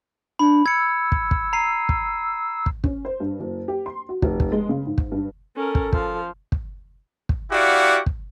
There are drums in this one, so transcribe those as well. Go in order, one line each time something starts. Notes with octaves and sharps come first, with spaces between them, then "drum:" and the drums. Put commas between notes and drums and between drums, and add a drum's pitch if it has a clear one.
D4 B5
E6 G#6 C#7
drum: kick
drum: kick
A#5 C7 D#7
drum: kick
drum: kick
C#4, drum: kick
C5
G2
F#1
G4
C6
F#4
F1, drum: kick
drum: kick
G#3
C#3
G#2
drum: kick
G2
C#4 A4 A#4
drum: kick
F3 F5, drum: kick
drum: kick
drum: kick
E4 F#4 G4 D5 F5 F#5
drum: kick